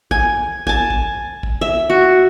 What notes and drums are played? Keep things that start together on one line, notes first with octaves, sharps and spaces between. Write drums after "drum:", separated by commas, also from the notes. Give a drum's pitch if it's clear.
G#5, drum: kick
G#5 A5, drum: kick
drum: kick
drum: kick
E5
F#4